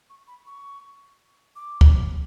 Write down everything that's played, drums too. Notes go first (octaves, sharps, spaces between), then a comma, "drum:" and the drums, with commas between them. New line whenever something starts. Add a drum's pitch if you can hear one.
C#6
B5
C#6
D6
drum: kick